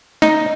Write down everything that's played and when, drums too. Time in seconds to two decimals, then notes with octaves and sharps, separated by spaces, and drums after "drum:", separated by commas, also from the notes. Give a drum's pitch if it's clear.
0.22 D#4, drum: snare